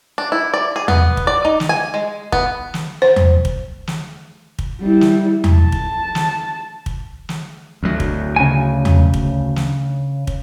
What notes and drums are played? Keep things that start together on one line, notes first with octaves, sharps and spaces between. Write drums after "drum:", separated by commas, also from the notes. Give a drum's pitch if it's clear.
D4
E4
D5
G#4
B3, drum: tom E2
drum: kick
D5
D#4
drum: snare
G#5
G#3
B3, drum: kick
drum: snare
C5
drum: tom E2
drum: kick
drum: snare
drum: kick
G3 E4
drum: snare
drum: tom E2
A5
drum: kick
drum: snare
drum: kick
drum: snare
D2 F#3
drum: kick
C#3 G#5
drum: tom E2
drum: kick
drum: snare
drum: kick